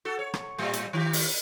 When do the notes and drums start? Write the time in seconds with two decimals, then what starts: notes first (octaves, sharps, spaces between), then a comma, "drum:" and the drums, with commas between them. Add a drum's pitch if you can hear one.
0.05 F#4 A4
0.19 C#5
0.34 drum: rim click
0.58 A2 G3
0.73 drum: hi-hat
0.93 D#3 G4
1.13 drum: open hi-hat